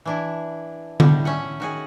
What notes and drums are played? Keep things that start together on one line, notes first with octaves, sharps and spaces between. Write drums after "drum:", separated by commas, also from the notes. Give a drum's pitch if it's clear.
E3 D4 E4
A2 D3 G3, drum: tom D3
C#4 E5 F#5
D#3 F#4 G#4